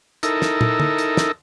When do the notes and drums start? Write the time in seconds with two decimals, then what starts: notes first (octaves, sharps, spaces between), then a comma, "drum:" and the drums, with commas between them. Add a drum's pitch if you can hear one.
0.23 D#4 E4 A4 A#4, drum: hi-hat
0.42 drum: snare
0.61 drum: tom
0.80 drum: tom
0.98 drum: hi-hat
1.17 drum: snare